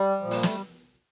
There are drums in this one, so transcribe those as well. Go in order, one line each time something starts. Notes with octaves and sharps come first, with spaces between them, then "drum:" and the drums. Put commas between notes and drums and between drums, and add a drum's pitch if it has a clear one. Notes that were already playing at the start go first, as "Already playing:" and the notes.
Already playing: G3
A#2 F3
A#3, drum: open hi-hat
A3, drum: snare